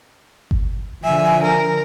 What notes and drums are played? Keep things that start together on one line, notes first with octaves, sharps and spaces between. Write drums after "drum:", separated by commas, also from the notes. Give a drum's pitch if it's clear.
drum: kick G1
D3 F3 E5 G#5
A#4